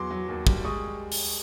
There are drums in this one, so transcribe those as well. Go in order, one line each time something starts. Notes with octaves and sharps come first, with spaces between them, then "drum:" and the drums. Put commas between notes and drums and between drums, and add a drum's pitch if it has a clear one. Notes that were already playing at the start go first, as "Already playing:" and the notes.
Already playing: E2 F#3 C6 D6
F#3
D#2
G3, drum: kick
G#3 C#6 D#6
drum: open hi-hat